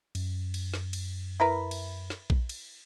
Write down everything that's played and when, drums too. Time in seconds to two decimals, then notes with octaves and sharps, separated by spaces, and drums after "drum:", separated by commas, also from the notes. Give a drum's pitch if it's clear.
0.15 F#2, drum: cymbal
0.54 drum: cymbal
0.74 drum: snare
0.93 drum: cymbal
1.40 E4 A#4 B4
1.71 drum: cymbal
2.10 drum: snare
2.30 drum: kick A#1
2.49 drum: cymbal